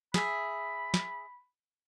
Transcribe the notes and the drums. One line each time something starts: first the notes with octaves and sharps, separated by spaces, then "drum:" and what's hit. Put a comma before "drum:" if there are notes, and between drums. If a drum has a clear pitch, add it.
G#4 E5 B5, drum: snare
drum: snare